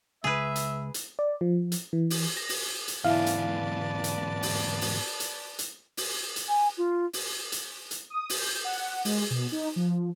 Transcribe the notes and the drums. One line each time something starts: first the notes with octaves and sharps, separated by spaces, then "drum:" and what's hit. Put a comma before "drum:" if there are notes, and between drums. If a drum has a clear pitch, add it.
C#2 G#4 B4 E5
drum: hi-hat
drum: hi-hat
D5
F3
drum: hi-hat
E3
drum: open hi-hat
A#6
drum: open hi-hat
drum: hi-hat
E2 G#2 E4 B4 D5 E5 F5 A5
drum: hi-hat
drum: hi-hat
drum: open hi-hat
drum: open hi-hat
drum: hi-hat
drum: hi-hat
drum: open hi-hat
drum: hi-hat
G#5
F4
drum: open hi-hat
drum: hi-hat
drum: hi-hat
D#6
drum: open hi-hat
G6
F#5
G#3, drum: open hi-hat
B2
D#4
F3